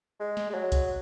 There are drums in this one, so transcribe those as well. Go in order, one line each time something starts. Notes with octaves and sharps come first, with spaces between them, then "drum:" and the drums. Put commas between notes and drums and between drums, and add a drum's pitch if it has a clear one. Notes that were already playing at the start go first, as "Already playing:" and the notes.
G#3
drum: snare
G#3
F#3
drum: kick B1, hi-hat